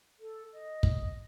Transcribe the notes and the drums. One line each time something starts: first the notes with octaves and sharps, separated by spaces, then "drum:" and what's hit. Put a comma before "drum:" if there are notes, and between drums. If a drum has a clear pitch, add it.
A4
D#5
drum: kick